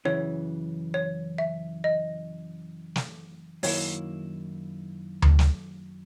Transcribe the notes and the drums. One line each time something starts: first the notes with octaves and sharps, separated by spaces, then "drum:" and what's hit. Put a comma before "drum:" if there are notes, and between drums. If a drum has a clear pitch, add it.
F#2 C#3 E3 C#5
C#5
E5
D#5
drum: snare
F#2 D#3 A#3 E4 C#5, drum: open hi-hat
drum: tom D2
drum: snare